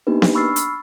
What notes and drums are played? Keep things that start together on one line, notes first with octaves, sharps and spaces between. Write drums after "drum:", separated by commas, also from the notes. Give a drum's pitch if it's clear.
A#3 B3 D4 D#4 G4 B4
D4, drum: snare B3
B5 C#6 E6 F6 A6 C7
drum: hi-hat